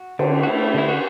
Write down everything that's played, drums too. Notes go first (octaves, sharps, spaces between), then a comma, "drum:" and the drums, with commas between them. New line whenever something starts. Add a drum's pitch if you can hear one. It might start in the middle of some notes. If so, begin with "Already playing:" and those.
Already playing: F#4
D3, drum: cymbal
F#4
A3 E4
D3 E4
F#4